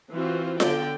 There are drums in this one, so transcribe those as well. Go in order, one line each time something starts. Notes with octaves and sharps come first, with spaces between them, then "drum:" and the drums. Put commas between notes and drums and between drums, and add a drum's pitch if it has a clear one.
E3 C4 F4 F#4
D3 F#3 B3 D5 G5, drum: snare F4